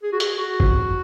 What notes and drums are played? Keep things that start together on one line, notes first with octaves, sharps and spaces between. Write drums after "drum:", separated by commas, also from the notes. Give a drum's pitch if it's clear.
G#4
F#4
G#4, drum: hi-hat
F#4
drum: kick